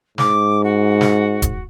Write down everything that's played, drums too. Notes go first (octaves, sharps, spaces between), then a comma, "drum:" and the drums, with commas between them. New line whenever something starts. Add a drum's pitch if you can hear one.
G#2 D6, drum: snare
F#4
drum: snare
drum: kick, hi-hat